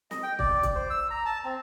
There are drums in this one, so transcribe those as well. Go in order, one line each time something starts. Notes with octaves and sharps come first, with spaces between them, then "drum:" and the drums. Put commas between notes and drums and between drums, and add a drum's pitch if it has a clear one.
D#5, drum: snare
G5
D5, drum: kick
drum: kick, hi-hat
C5
E6
A#5
A5
C4